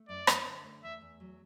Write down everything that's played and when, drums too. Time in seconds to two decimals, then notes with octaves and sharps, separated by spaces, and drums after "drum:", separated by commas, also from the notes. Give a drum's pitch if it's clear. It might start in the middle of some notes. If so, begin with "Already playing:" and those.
Already playing: A3
0.08 F#2 D5
0.27 F#2, drum: rim click
0.46 D3
0.65 A3
0.83 E2 E5
1.01 E2
1.20 F#3